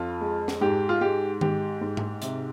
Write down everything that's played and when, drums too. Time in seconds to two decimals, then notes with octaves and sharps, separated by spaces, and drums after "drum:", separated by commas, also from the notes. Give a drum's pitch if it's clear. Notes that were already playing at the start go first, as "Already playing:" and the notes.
Already playing: F2 F4
0.21 G#3
0.48 drum: snare
0.61 G#2 G4
0.89 F4
1.01 G#3 G4
1.41 G#2 G4, drum: tom D#3
1.81 G#2
1.97 drum: tom G#2
2.22 C3, drum: hi-hat